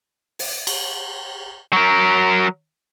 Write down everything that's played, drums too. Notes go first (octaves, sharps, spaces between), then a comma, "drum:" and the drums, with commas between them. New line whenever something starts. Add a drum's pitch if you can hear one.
drum: open hi-hat
drum: cymbal
F#3 A#4